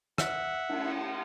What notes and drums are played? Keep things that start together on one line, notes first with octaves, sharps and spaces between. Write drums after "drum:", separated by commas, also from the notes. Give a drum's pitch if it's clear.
E5 F#5, drum: rim click
drum: cymbal